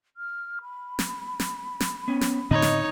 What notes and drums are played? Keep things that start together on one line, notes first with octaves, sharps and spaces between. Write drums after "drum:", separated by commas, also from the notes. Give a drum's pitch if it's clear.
F6
B5
drum: snare
drum: snare
drum: snare
B3 C#4
drum: snare
A2 D3 C4 D#4 C#5 D#5
drum: snare